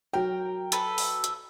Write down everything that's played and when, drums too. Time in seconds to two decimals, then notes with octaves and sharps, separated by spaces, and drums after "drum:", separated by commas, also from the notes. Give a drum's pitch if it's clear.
0.13 F#3 A#4 G5
0.72 A4 B4, drum: hi-hat
0.98 drum: open hi-hat
1.24 drum: hi-hat